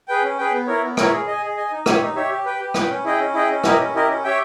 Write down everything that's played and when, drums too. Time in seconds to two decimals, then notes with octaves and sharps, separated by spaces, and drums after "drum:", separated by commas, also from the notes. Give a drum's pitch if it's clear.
0.08 G#4 B4 G5
0.23 C#4
0.38 G#4 B4 G5
0.52 B3
0.67 E4 A#4 C#5
0.82 B3
0.97 E4 A#4 C#5, drum: rim click
1.12 G#4
1.27 D#5 G#5
1.42 G#4
1.57 D#5 G#5
1.72 D#4
1.86 G4 C#5 E5, drum: rim click
2.01 D#4
2.16 G4 C#5 E5
2.30 G4
2.45 B4 G5
2.60 G4
2.74 B4 G5, drum: rim click
2.90 C#4
3.04 E4 G#4 D#5 G5
3.19 C#4
3.34 E4 G#4 D#5 G5
3.50 C#4
3.64 E4 G4 A#4 D#5, drum: rim click
3.79 C#4
3.94 E4 G4 A#4 D#5
4.08 C#4
4.24 G4 C#5 E5 G5